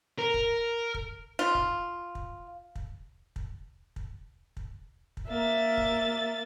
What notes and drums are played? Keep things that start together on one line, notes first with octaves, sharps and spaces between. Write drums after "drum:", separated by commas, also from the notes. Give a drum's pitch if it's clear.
A#4
drum: kick
drum: kick
F4
drum: kick
drum: kick
drum: kick
drum: kick
drum: kick
drum: kick
drum: kick
A#3 E5 A6
drum: kick